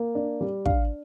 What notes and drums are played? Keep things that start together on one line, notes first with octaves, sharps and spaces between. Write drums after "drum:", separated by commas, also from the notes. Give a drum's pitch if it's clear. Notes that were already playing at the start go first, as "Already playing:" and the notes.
Already playing: A#3
D4
G3
D4 F5, drum: kick